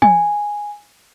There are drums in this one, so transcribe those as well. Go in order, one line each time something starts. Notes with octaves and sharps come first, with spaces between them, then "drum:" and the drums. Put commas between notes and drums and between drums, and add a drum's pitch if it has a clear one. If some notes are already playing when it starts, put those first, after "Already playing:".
G#5, drum: tom